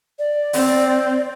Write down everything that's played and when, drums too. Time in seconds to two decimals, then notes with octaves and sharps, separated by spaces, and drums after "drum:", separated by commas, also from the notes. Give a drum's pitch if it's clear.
0.19 D5
0.53 C4, drum: open hi-hat